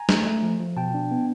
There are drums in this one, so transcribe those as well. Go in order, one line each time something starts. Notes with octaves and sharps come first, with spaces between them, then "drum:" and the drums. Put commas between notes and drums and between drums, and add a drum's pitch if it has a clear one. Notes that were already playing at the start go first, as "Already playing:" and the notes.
Already playing: G#5 A#5
A3, drum: snare
A3
F3
F3
B2 G5 A5
D4
B3